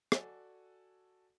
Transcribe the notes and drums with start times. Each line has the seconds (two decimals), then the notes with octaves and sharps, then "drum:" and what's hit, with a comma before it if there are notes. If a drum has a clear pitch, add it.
0.12 F#4 A4 D5 G#5, drum: rim click